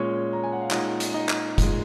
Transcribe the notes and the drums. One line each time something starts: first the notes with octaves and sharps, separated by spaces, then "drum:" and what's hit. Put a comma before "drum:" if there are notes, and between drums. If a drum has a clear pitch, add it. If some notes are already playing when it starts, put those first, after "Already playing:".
Already playing: A#2 G#3 C#4 C#5
A#5
G#5
F#5
F5
A#2 G#3 D#4 D#5, drum: clap
drum: hi-hat
D#4 D#5
drum: clap
A#2 G#3, drum: kick, hi-hat